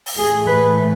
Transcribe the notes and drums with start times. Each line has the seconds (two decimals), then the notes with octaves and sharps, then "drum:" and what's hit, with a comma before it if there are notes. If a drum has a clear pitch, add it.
0.06 drum: open hi-hat
0.17 A2 E3 A3 G#4
0.47 B4